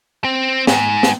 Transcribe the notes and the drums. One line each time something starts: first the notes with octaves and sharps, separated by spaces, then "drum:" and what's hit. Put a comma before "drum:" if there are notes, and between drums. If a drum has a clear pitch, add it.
C4
G#2, drum: snare
drum: snare